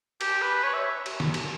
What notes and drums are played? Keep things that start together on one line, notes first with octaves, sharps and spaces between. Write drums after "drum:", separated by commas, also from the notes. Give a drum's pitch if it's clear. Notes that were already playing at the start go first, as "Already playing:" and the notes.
G4, drum: cymbal
B4
C#5
E5
drum: cymbal
drum: snare
drum: cymbal